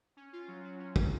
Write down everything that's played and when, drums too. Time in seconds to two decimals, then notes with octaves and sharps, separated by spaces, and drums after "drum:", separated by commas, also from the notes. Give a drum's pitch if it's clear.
0.17 C#4
0.33 F4
0.48 F#3
0.64 F#3
0.80 C#4
0.96 F#3, drum: kick